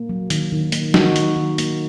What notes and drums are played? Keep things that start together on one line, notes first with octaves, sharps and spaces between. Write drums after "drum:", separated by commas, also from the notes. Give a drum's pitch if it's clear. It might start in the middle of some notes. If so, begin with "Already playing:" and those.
Already playing: A#3
F#3
D#3, drum: hi-hat
D#3
A#3, drum: hi-hat
F#3 D#4 F#4, drum: snare
D#3, drum: hi-hat
D#3
A#3, drum: hi-hat